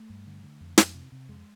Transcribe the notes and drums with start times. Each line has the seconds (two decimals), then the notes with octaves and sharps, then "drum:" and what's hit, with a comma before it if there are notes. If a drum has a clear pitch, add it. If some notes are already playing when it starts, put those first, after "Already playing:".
Already playing: A3
0.10 G2
0.27 D3
0.43 D3
0.61 F2
0.78 F2, drum: snare
0.94 C3
1.12 C3
1.28 F2 G#3